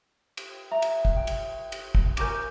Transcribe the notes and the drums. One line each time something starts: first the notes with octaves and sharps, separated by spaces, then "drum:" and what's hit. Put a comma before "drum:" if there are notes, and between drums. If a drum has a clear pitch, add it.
drum: cymbal
E5 A#5
drum: cymbal
drum: kick
G5
drum: cymbal
drum: cymbal
drum: kick
C#4 A#4 G#5 D6 G6, drum: cymbal